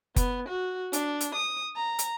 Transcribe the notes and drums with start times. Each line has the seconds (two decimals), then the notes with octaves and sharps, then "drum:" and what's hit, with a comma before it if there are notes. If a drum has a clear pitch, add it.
0.16 B3, drum: kick F#1, hi-hat
0.49 F#4
0.93 D4, drum: hi-hat
1.21 drum: hi-hat
1.35 D#6
1.76 A#5
1.99 drum: hi-hat